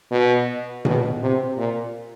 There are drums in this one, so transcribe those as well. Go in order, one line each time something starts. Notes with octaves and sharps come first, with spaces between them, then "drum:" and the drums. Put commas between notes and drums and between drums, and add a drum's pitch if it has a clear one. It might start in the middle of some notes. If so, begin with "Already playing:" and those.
B2
B2, drum: tom A#2
C3
A#2